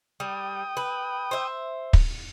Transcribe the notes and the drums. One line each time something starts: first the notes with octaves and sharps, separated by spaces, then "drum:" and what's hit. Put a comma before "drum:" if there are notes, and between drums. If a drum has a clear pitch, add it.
G3 G5 D#6
B4
C5 E5
drum: kick